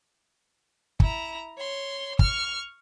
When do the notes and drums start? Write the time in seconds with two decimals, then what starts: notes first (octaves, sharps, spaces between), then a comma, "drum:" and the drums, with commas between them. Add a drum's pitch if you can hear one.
1.00 E4 A#5, drum: kick
1.58 C#5 C6
2.19 C#6 F6, drum: kick